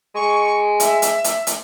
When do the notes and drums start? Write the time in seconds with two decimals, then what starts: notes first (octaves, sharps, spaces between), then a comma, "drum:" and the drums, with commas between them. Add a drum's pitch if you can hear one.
0.15 G#3 C#6
0.80 E5, drum: hi-hat
1.02 drum: hi-hat
1.24 drum: hi-hat
1.47 drum: hi-hat